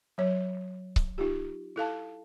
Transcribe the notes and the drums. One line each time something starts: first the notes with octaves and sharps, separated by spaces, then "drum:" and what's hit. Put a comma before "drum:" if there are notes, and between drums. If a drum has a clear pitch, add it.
F#3 C#5
drum: kick C#1
D#4 F4 G4
E4 A4 F5 A5